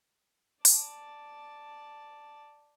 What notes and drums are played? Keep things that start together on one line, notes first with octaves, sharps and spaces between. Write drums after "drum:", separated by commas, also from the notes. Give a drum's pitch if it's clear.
D5 A5, drum: open hi-hat